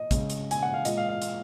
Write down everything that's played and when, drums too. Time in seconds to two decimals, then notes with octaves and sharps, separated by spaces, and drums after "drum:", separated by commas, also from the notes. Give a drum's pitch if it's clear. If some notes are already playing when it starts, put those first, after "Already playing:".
Already playing: D#5
0.11 C#3 G#3, drum: kick, hi-hat
0.30 drum: hi-hat
0.51 G#5, drum: hi-hat
0.62 F#5
0.73 F5
0.85 A#2 G#3 D#5, drum: hi-hat
0.97 F5
1.09 F5
1.22 drum: hi-hat